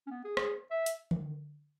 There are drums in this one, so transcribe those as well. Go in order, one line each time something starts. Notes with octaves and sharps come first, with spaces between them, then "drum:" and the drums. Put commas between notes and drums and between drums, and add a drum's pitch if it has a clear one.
C#4
B3
G#4
G#4, drum: rim click
E5
drum: hi-hat
drum: tom D3